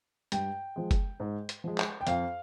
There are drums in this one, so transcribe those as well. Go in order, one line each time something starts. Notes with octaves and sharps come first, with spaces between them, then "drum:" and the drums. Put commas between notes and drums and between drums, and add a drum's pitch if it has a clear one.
G2 G5, drum: hi-hat
F3 G#3
drum: kick F#1, hi-hat
G#2
drum: hi-hat
F3 G#3
drum: clap
G5
F2 F5, drum: hi-hat